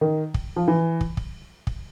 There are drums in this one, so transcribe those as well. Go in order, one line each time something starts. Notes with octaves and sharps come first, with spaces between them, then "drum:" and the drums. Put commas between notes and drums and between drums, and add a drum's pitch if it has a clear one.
D#3
drum: kick
F3
E3
drum: kick
drum: kick
drum: kick